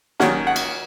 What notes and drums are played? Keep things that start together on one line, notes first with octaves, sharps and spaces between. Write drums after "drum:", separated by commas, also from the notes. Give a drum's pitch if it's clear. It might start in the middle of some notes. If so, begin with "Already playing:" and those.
D#3 F#3 A#3 C#4 F#5, drum: snare
F#5
drum: cymbal